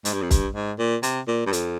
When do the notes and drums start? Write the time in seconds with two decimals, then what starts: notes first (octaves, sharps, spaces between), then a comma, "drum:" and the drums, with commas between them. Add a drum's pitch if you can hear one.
0.05 G#2, drum: hi-hat
0.13 G2
0.22 F2
0.31 G2, drum: kick, hi-hat
0.55 G#2
0.79 A#2
1.03 C3, drum: hi-hat
1.28 A#2
1.46 G2
1.53 F2, drum: hi-hat